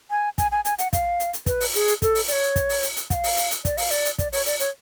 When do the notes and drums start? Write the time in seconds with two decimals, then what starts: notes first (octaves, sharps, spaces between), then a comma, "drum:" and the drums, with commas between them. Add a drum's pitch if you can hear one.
0.10 G#5
0.38 G#5, drum: kick, hi-hat
0.52 G#5
0.65 G#5, drum: hi-hat
0.78 F#5, drum: hi-hat
0.93 F5, drum: kick, hi-hat
1.20 drum: hi-hat
1.33 drum: hi-hat
1.46 B4, drum: kick, hi-hat
1.60 drum: open hi-hat
1.75 G#4, drum: hi-hat
1.88 drum: hi-hat
2.02 A4, drum: kick, hi-hat
2.15 drum: open hi-hat
2.28 D5, drum: hi-hat
2.32 C#5
2.56 drum: kick, hi-hat
2.69 drum: open hi-hat
2.83 drum: hi-hat
2.96 drum: hi-hat
3.10 F#5, drum: kick, hi-hat
3.14 F5
3.24 drum: open hi-hat
3.37 drum: hi-hat
3.51 drum: hi-hat
3.65 D5, drum: kick, hi-hat
3.77 F5, drum: open hi-hat
3.91 D5, drum: hi-hat
4.05 drum: hi-hat
4.18 D5, drum: kick, hi-hat
4.32 C#5, drum: open hi-hat
4.46 D5, drum: hi-hat
4.59 C#5, drum: hi-hat